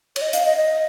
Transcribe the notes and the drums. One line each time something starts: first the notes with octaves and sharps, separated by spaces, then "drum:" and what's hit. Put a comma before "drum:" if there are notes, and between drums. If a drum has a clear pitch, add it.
C#5, drum: cymbal
D#5
F5, drum: hi-hat
D#5
D#5